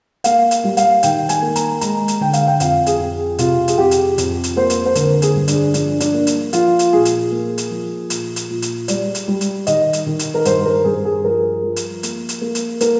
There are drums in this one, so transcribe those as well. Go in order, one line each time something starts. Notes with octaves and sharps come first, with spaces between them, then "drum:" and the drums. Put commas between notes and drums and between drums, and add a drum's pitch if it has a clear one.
A#3 F5, drum: hi-hat
drum: hi-hat
G3
F5, drum: hi-hat
D#3 G5, drum: hi-hat
G#5, drum: hi-hat
A#3
A#5, drum: hi-hat
G#3 A#5, drum: hi-hat
drum: hi-hat
D3 G5
F5, drum: hi-hat
G5
F2 F5, drum: hi-hat
G#4, drum: hi-hat
F2
C3 F4, drum: hi-hat
G#4, drum: hi-hat
F2 G4
drum: hi-hat
F2, drum: hi-hat
drum: hi-hat
A#3 C5
drum: hi-hat
C5
D3 A#4, drum: hi-hat
G#4, drum: hi-hat
G2
D4, drum: hi-hat
F3 D4, drum: hi-hat
D4, drum: hi-hat
A#3
drum: hi-hat
F3 F4, drum: hi-hat
drum: hi-hat
A#2 G#4
drum: hi-hat
A#3
drum: hi-hat
F3
A#2, drum: hi-hat
drum: hi-hat
A#2
drum: hi-hat
G3 D5, drum: hi-hat
drum: hi-hat
G3
drum: hi-hat
D#3 D#5, drum: hi-hat
drum: hi-hat
D#3
drum: hi-hat
A#4
G2 C5, drum: hi-hat
A#4
G2 G#4
G#4
F3 A#4
F3
drum: hi-hat
A#3, drum: hi-hat
drum: hi-hat
A#3
drum: hi-hat
A#3 A#4, drum: hi-hat